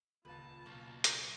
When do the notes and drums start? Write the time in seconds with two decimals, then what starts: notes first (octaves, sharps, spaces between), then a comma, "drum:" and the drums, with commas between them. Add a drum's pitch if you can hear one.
0.25 D#1 C#2 F4 B4 A5
0.66 B1 A#3 C#4 D6
1.04 G6, drum: hi-hat